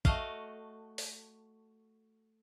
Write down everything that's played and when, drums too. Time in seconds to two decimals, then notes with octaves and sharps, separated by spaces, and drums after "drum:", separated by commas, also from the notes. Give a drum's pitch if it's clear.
0.05 A3 F#4 D#5 F5, drum: kick
0.98 drum: open hi-hat